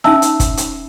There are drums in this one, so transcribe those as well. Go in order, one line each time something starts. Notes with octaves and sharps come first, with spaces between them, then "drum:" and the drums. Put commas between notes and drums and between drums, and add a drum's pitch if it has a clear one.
C#4 D#4 E5 A5 E6, drum: snare E4
drum: hi-hat
drum: kick, hi-hat
drum: hi-hat